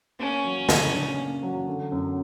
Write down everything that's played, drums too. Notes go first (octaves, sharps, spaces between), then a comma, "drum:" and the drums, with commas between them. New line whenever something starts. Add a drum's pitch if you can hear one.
A#3 C#4
F#3
C#3, drum: snare
D4
A#3
F#3
D3
F#2